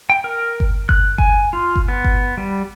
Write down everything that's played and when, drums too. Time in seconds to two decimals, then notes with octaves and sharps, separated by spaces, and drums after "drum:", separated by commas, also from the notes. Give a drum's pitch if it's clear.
0.10 G5
0.24 A#4
0.60 drum: kick G1
0.89 F#6, drum: kick G1
1.18 G#5, drum: kick G1
1.53 F4
1.76 drum: kick G1
1.88 B3
2.04 drum: kick G1
2.38 G3